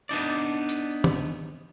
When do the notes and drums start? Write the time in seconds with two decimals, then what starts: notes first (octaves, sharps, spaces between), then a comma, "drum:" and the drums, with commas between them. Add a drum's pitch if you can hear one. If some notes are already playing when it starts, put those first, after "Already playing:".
0.09 B3 D4 D#4 D5
0.69 drum: hi-hat
1.04 drum: tom